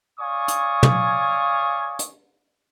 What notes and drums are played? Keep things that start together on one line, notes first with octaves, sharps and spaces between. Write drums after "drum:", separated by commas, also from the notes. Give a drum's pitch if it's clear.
C#5 D5 F5 G#5 C#6 D#6
drum: hi-hat
drum: tom
drum: hi-hat